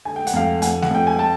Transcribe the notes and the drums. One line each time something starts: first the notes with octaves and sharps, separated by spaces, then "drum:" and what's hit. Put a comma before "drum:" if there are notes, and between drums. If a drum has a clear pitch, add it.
D3 G#5
G5
F#5, drum: hi-hat
F2 F5 G5
F2 F#5 G#5, drum: hi-hat
F#5, drum: snare A3
F2 G5
G#5
G5 A5